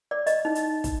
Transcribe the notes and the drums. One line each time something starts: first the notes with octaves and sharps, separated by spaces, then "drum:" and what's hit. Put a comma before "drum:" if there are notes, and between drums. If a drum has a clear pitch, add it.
D5
D#5, drum: hi-hat
D#4
drum: hi-hat
drum: kick, hi-hat